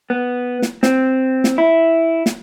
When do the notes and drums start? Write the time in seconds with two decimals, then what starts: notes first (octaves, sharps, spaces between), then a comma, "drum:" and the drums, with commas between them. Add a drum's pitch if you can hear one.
0.10 B3
0.62 drum: snare
0.83 C4, drum: snare
1.44 drum: snare
1.58 E4
2.26 drum: snare